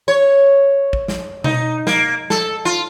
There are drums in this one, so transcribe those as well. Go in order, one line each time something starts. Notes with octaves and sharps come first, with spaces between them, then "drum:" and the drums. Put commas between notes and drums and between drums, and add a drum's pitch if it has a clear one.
C#5
drum: kick
drum: snare
D#4, drum: tom B2
A#3, drum: snare
A4, drum: snare
F4